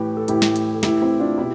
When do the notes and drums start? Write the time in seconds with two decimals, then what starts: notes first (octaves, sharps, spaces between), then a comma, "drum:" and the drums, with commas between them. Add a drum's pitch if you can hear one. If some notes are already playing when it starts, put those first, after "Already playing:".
Already playing: A2 E3 G4 B4
0.17 A4
0.28 A2 E3 E4 G4, drum: hi-hat
0.42 drum: snare
0.56 drum: hi-hat
0.74 A4
0.83 A2 E3 E4 G4, drum: snare
1.02 C4 E4
1.19 D4 F4
1.38 B2 E4 G4